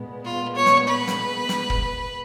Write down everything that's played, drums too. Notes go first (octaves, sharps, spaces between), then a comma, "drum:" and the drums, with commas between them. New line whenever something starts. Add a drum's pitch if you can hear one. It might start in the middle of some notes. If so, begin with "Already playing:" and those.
Already playing: A#2 G#3 B3
F4
C#5
drum: snare
B4
drum: snare
drum: snare
drum: kick